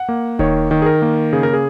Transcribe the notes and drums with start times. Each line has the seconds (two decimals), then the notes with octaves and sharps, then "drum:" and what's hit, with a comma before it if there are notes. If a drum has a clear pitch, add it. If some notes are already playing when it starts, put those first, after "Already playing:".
Already playing: F#5
0.09 A#3
0.39 D#3 C#5, drum: kick D#1
0.71 D#3
0.82 G#4
0.86 A#4
1.02 A#3
1.33 C#3 G#4
1.43 A#4
1.53 G#4